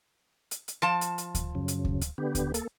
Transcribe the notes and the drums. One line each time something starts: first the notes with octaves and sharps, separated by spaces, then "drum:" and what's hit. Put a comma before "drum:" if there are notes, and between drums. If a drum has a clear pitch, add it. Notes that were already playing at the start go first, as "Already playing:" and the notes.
drum: hi-hat
drum: hi-hat
F3 A5
drum: hi-hat
drum: hi-hat
drum: kick D2, hi-hat
F#2 C#3
drum: hi-hat
drum: kick D2
drum: hi-hat
D3 B3 G4
drum: kick D2, hi-hat
A#3 A4, drum: hi-hat